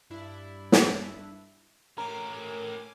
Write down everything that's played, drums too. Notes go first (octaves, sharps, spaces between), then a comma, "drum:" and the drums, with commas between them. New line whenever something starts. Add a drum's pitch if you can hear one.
G2 D4 E4
drum: snare
A2 C#4 A#4 G#5 D6